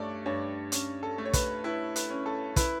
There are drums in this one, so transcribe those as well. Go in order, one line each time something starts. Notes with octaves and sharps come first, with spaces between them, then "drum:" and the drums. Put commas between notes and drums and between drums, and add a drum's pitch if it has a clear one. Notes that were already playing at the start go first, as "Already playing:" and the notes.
Already playing: G2 A3 C#5 D5
G2 C#5
C#4, drum: hi-hat
A4
A3
C#5
B4, drum: kick, hi-hat
E4 B4
B4, drum: hi-hat
C#4
A4
E4 B4, drum: kick, hi-hat